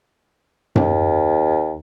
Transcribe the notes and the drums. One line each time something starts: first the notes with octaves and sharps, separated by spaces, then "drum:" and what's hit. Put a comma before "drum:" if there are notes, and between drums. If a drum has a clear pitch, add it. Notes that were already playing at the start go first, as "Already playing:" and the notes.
D#2, drum: tom F#2